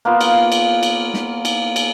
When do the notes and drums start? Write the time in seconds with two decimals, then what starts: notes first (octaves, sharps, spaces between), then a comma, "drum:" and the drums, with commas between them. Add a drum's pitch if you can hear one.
0.05 A#3 B3 F4
0.21 drum: cymbal
0.52 drum: cymbal
0.83 drum: cymbal
1.14 drum: snare
1.45 drum: cymbal
1.76 drum: cymbal